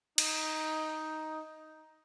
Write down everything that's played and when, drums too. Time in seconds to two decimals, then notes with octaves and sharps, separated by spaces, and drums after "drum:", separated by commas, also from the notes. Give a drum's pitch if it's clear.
0.18 D#4, drum: cymbal